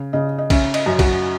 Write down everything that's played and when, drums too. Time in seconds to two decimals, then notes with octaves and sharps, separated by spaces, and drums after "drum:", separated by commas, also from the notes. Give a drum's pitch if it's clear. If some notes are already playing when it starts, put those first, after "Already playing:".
Already playing: C#3
0.13 C#3 D#5
0.38 D#5
0.50 C#4 E5, drum: kick, cymbal
0.74 D#5, drum: cymbal
0.86 F#2
0.99 F#4, drum: kick, cymbal